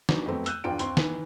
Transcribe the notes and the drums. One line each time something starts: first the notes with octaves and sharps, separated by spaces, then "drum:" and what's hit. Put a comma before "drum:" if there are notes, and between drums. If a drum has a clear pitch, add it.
D#3 E3 F#3 D4, drum: snare
F2 F#3 A3 B3 C4
E6 F#6 G6 D#7, drum: hi-hat
A#1 E2 D4 F4 G5 D7
D#2 D#3 C4 C6, drum: hi-hat
D#3 E3, drum: snare